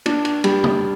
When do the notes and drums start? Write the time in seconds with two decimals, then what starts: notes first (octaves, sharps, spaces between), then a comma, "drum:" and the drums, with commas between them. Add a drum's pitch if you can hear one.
0.06 D4, drum: cymbal
0.25 drum: cymbal
0.44 G3, drum: cymbal
0.64 drum: tom